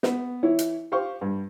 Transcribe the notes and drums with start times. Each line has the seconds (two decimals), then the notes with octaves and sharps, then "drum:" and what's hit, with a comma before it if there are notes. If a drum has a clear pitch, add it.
0.03 B3, drum: snare
0.43 E3 E4 C#5
0.59 drum: hi-hat
0.92 G4 C5 F5 C#6
1.21 G2